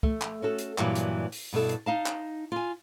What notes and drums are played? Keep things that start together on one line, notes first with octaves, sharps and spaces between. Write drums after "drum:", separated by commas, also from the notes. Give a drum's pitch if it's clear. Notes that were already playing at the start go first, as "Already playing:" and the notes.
A3, drum: kick
drum: clap
C#4 F#4 A4
drum: hi-hat
G2 A#2 E3 F#3 G3, drum: clap
drum: hi-hat
drum: open hi-hat
G2 B2 E4 A4
drum: hi-hat
D#4 F5 A5
drum: clap
F4 G#5